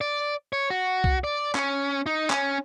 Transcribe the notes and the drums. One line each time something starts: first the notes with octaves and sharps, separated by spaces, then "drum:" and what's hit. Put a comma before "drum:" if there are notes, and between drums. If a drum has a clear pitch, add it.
D5
C#5
F#4
drum: kick C2
D5
C#4, drum: clap
D#4
C#4, drum: clap